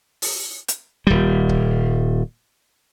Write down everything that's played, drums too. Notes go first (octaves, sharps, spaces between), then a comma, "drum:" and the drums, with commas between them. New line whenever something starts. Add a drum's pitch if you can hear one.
drum: open hi-hat
drum: hi-hat
D#1 G3
drum: kick C#1